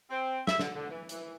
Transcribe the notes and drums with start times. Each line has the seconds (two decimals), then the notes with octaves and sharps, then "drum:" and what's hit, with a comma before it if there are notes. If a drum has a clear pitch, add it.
0.10 C4
0.47 E5, drum: snare
0.59 D3, drum: snare
0.75 D3
0.89 E3
1.09 E3, drum: hi-hat